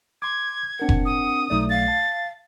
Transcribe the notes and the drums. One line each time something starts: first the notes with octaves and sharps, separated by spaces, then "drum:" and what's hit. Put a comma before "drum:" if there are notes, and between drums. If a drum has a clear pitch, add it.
C6 D6 G#6
C4 D4 A#4 F#5
drum: kick F1
D#6
B1 A3 D#4 D5
F5 A6
A5